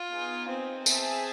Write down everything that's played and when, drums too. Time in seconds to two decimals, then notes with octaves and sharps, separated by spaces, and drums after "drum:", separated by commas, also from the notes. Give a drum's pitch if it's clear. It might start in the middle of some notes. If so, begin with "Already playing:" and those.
Already playing: F4
0.11 B3 D#4 G#4
0.49 C4
0.86 G#4 C5 E5 A5, drum: tambourine